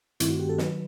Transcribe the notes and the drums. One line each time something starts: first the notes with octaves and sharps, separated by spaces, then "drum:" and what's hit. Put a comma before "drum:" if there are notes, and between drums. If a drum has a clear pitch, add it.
G2 D#3 A3 C4 E4, drum: hi-hat
F#4
G4
A4
D#3 F#3 B4, drum: snare